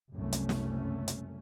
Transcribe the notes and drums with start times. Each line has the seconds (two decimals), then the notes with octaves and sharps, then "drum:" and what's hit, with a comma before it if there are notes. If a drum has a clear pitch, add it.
0.13 F#1 C2 F#2 A3 C#4
0.33 drum: hi-hat
0.49 drum: snare
1.08 drum: hi-hat